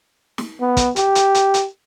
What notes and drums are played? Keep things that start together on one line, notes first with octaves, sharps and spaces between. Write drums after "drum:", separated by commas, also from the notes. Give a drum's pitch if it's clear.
drum: snare
B3
drum: kick, hi-hat
G4, drum: hi-hat
drum: hi-hat
drum: hi-hat
drum: hi-hat